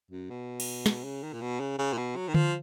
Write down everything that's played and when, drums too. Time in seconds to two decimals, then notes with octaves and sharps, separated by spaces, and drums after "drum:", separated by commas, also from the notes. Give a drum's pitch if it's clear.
0.11 F#2
0.30 B2
0.60 drum: cymbal
0.86 drum: snare
1.04 C#3
1.23 D#3
1.33 A#2
1.41 B2
1.60 C#3
1.79 C#3
1.93 A#2
1.97 B2
2.16 F#3
2.28 D#3
2.34 F3, drum: tom D3